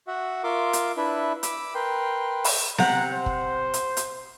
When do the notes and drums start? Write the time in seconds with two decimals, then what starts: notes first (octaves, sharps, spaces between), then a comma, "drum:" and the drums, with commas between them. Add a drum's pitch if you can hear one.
0.07 F#4 E5 F#5
0.44 F4 A#4 E5 C6 D6
0.73 drum: hi-hat
0.97 D4 E4 B4 E5
1.43 B5 D6 E6, drum: hi-hat
1.75 A#4 B4 G5 C6
2.44 drum: open hi-hat
2.78 C3 F#5 A#5, drum: snare B3
3.13 C5
3.26 drum: kick
3.74 drum: hi-hat
3.97 drum: hi-hat